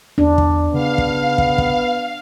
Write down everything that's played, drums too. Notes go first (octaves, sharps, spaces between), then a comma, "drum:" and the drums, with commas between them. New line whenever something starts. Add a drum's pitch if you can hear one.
E2 D4
drum: kick
C#3 B3 F5
drum: kick
drum: kick
drum: kick